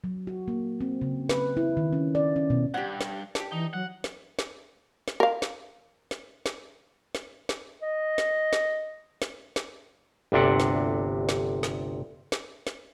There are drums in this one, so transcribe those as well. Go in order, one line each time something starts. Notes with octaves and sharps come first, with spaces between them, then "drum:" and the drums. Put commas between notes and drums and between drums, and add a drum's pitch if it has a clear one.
F#3
F#4
A#3
C4
C#3
B4, drum: snare
E4
D#3
C#4
D5
C#4
B2
G2 G4 F#5
drum: snare
D4 G4, drum: snare
E3 D#4
F#3 F#5
drum: snare
drum: snare
drum: snare
A#4 F5
drum: snare
drum: snare
drum: snare
drum: snare
drum: snare
D#5
drum: snare
drum: snare
drum: snare
drum: snare
G1 D2 C3 D4 F#5
drum: snare
drum: snare
drum: snare
drum: snare
drum: snare